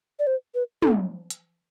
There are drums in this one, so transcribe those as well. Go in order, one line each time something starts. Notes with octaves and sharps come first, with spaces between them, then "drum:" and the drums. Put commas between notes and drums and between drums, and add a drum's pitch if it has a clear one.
D5
C5
B4
A4, drum: tom
drum: hi-hat